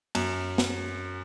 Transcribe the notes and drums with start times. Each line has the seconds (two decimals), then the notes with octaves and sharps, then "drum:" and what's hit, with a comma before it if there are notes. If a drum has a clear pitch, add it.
0.15 F#2, drum: cymbal
0.58 drum: snare